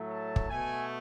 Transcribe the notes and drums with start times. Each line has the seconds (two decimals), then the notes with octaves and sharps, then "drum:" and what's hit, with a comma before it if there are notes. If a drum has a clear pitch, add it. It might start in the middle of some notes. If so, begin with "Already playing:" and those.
Already playing: A2 F#3 A3
0.09 A5
0.36 drum: kick
0.49 B2 A3 G#5